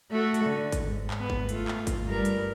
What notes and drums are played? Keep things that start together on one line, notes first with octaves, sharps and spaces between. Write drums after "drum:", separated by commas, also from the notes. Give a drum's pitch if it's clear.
A3 F#4 A4
drum: hi-hat
D3
drum: kick G1, hi-hat
G#2
drum: clap
B3
drum: kick G1
A3 F4, drum: hi-hat
drum: clap
drum: kick G1, hi-hat
G2 G3 A#4
drum: hi-hat